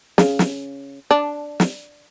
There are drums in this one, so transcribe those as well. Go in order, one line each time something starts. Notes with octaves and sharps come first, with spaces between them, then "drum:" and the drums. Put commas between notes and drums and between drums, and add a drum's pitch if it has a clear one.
C#3, drum: snare
drum: snare
D4
drum: snare